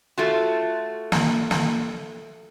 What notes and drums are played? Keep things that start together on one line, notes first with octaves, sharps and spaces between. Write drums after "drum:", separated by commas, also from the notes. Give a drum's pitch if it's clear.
A3 F4 F#4
drum: snare
drum: snare